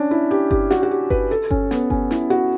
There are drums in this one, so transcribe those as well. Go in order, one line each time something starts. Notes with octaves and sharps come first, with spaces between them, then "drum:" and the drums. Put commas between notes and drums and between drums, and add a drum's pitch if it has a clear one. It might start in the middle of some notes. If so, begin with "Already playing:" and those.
Already playing: C#4 D4
E4
G4
G4, drum: kick G1
F#4, drum: snare
F#4
G4
B4, drum: kick G1
A4
C#4, drum: kick G1
B3, drum: snare
C#4, drum: kick G1
E4, drum: snare
F#4